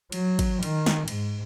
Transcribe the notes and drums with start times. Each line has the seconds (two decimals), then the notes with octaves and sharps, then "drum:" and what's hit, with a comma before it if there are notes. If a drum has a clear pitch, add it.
0.12 F#3, drum: cymbal
0.39 drum: kick, cymbal
0.63 D#3, drum: cymbal
0.86 drum: snare
1.08 G#2, drum: cymbal